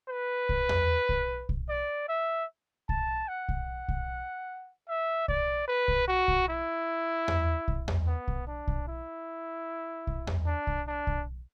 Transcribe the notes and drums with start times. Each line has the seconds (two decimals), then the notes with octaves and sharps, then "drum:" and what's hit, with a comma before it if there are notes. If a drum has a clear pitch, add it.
0.09 B4
0.49 drum: kick B1
0.69 drum: tom E2
1.09 drum: kick B1
1.49 drum: kick B1
1.69 D5
2.09 E5
2.89 A5, drum: kick B1
3.28 F#5
3.49 drum: kick B1
3.88 drum: kick B1
4.89 E5
5.28 D5, drum: kick B1
5.68 B4
5.88 drum: kick B1
6.08 F#4
6.28 drum: kick B1
6.49 E4
7.28 drum: tom E2
7.68 drum: kick B1
7.88 drum: tom E2
8.07 B3
8.28 drum: kick B1
8.48 D4
8.68 drum: kick B1
8.88 E4
10.07 drum: kick B1
10.27 drum: tom E2
10.47 D4
10.67 drum: kick B1
10.88 D4
11.07 drum: kick B1